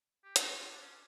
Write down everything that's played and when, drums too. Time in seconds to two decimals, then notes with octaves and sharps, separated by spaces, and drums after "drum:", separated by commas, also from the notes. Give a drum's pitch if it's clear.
0.24 G4
0.36 A4, drum: hi-hat
0.46 F#4
0.59 F4
0.71 D4
0.83 C#4